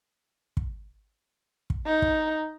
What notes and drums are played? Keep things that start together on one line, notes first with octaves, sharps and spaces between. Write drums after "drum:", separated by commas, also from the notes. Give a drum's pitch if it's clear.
drum: kick
drum: kick
D#4
drum: kick